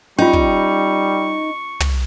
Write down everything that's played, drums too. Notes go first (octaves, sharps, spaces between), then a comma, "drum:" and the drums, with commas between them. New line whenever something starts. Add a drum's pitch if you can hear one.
G3 C#4 D#4 F4 C#6
drum: kick
drum: tom